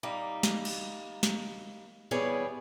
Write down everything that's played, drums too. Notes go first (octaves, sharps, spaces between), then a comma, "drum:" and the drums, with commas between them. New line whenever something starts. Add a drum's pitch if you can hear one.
G3 A#3 D#4
drum: snare
drum: cymbal
drum: snare
E2 G3 B3 G#4 C#5 G#5